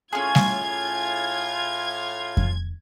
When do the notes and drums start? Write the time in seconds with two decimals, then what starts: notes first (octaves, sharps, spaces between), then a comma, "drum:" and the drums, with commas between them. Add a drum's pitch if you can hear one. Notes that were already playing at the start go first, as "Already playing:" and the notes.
0.13 A2 C#4 F4 G#4 G#6
0.35 drum: snare G3
2.37 drum: kick F2